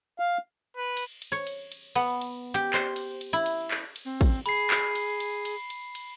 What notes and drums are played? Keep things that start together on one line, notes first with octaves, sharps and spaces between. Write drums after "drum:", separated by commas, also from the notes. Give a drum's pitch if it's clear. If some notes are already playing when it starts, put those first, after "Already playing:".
F5
B4
drum: cymbal
drum: cymbal
C#5
drum: cymbal
drum: cymbal
B3, drum: cymbal
drum: cymbal
G4
C5, drum: clap
drum: cymbal
drum: cymbal
E4
drum: cymbal
drum: clap
drum: cymbal
C4
drum: kick, cymbal
G#4 B5 C7, drum: cymbal
drum: clap
drum: cymbal
drum: cymbal
drum: cymbal
drum: cymbal
drum: cymbal